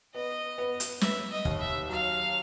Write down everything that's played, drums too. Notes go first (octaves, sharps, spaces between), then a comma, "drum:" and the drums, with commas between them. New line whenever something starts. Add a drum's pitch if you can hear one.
B3 D#5
B3
drum: hi-hat
B3 E5, drum: snare
D#5
D#2, drum: kick
E5
F#3 F5